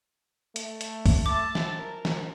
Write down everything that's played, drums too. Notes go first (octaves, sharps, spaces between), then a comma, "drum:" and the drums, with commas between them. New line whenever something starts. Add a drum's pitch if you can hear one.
A3, drum: hi-hat
drum: hi-hat
drum: kick, open hi-hat
E5 A5 D6
drum: snare
A#4
drum: snare